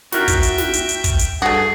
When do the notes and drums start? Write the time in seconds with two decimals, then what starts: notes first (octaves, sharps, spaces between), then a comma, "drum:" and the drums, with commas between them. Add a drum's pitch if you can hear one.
0.12 F#4 A#4 E5 F#5 G5, drum: snare
0.28 drum: kick, hi-hat
0.43 drum: hi-hat
0.58 drum: snare
0.73 drum: hi-hat
0.89 drum: hi-hat
1.04 drum: kick, hi-hat
1.19 drum: hi-hat
1.42 G2 A3 F#4 G#4